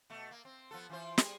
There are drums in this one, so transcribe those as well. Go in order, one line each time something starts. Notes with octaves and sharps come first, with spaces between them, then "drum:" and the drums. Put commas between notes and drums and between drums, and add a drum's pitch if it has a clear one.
B2 A3
A#3
C4
F3 B3 A4
E3 F4 C5
G3 G#4, drum: snare